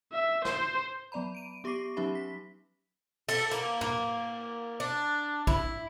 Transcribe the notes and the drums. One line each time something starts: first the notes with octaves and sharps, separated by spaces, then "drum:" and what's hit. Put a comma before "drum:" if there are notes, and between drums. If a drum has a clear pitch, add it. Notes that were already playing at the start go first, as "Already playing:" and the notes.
E5
C5, drum: snare
F#3 B3 D5 A#5 B5
D7 D#7
B3 G4 C#6 D6 A#6 C7
F#3 C#4 D#4 G4 E5 B5
B6
A4, drum: cymbal
A#3, drum: hi-hat
A#3, drum: tom
D4
E4, drum: kick A#1